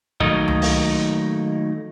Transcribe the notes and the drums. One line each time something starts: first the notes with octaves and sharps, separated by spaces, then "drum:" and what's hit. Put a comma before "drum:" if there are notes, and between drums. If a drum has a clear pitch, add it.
D#3 F#3 A3 A#3 D#4 D#5, drum: kick
drum: tom C#2
drum: open hi-hat